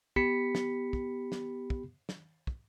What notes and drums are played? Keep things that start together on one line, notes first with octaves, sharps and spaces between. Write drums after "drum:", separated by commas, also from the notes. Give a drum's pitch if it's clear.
B3 G4 B5 B6 C#7, drum: kick
drum: snare
drum: kick
drum: snare
drum: kick
drum: snare
drum: kick